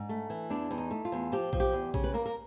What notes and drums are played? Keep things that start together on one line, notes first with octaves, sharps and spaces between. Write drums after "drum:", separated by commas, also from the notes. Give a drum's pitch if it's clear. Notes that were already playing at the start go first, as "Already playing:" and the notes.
Already playing: G#2 D4
A3
E3
E2 D4
E2
D#4
A3
F4
E2
F3 G4
F3, drum: kick A#1
G4
E2
C#3, drum: kick A#1
B4
A#3 A#4
A#4